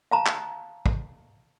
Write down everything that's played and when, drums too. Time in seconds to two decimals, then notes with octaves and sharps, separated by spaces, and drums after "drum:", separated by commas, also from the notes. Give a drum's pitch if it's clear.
0.11 F5 A5 A#5
0.26 drum: clap
0.86 drum: kick